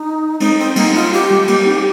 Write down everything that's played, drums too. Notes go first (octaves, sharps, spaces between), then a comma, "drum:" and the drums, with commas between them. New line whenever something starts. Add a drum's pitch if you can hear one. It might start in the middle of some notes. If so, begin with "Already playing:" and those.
Already playing: D#4
G#3 C4 D#4, drum: cymbal
C4
G3 A#3 D#4, drum: cymbal
F4
G4
G3
G3 A#3, drum: cymbal
C4 D#4